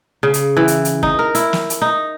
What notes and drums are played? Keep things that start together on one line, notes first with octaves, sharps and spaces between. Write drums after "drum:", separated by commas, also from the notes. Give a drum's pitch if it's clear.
C#3
drum: hi-hat
E3
drum: hi-hat
drum: hi-hat
D#4, drum: kick
A#4
E4, drum: hi-hat
drum: snare
drum: hi-hat
D#4